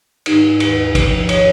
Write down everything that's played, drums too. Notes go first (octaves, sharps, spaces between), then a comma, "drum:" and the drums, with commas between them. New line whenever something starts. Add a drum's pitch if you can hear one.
G#2 D#3 D#4, drum: cymbal
D#2 D#3 B4, drum: cymbal
F2 F3, drum: kick, cymbal
D#3 C#5, drum: cymbal